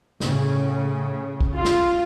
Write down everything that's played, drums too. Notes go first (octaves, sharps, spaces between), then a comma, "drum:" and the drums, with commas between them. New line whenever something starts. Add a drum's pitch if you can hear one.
A2 C#3, drum: snare
drum: kick
F4
drum: snare